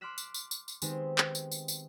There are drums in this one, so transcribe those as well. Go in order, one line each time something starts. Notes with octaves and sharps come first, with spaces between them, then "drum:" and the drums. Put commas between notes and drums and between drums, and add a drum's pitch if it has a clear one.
C6 D6 F6 F#6 B6 E7
drum: tambourine
drum: tambourine
drum: tambourine
drum: tambourine
D#3 G#3 B3 C4 G4, drum: tambourine
drum: clap
drum: tambourine
drum: tambourine
drum: tambourine